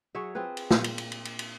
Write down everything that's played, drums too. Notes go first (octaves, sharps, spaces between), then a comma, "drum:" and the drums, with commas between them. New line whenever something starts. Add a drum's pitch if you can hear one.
F#3 G#4 C#5 E5
C4 F4 G#4 B4
drum: cymbal
A#2 F5, drum: snare
drum: cymbal
drum: cymbal
drum: cymbal
drum: cymbal
drum: cymbal